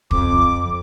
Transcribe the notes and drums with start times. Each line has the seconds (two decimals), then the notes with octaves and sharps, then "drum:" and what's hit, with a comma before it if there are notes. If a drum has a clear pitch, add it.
0.11 F2 D6, drum: kick